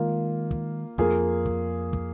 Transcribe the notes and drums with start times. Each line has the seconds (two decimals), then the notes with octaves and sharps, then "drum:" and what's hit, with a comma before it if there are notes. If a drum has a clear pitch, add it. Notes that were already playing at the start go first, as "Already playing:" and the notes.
Already playing: D#3 G#3 A#3 F4
0.51 drum: kick
0.98 F2 A#3 F4 G#4, drum: kick
1.46 drum: kick
1.93 drum: kick